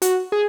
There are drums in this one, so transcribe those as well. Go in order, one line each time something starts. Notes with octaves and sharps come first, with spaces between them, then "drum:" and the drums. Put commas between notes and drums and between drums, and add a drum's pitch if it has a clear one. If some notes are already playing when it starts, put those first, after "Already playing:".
F#4, drum: hi-hat
G#4